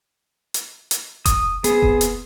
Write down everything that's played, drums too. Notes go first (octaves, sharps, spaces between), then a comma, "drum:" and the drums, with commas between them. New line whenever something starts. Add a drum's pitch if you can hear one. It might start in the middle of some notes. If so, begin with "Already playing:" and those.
drum: hi-hat
drum: hi-hat
D#6, drum: kick F1, hi-hat
B3 C4 G#4, drum: hi-hat
drum: kick F1
drum: hi-hat